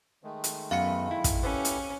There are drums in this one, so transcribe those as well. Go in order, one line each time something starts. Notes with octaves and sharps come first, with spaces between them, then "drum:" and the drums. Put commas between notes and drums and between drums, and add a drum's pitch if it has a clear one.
D#3 G#3 A3
drum: hi-hat
F#2 B3 B4 F5 B5 C#7
E4
drum: kick, hi-hat
C#4 G4 A4 B4
drum: hi-hat